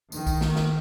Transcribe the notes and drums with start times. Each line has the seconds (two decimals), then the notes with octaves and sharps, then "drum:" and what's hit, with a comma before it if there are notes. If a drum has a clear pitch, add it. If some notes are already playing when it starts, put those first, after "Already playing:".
0.12 D#3, drum: tambourine
0.27 drum: kick B1, tambourine
0.41 drum: snare
0.56 drum: snare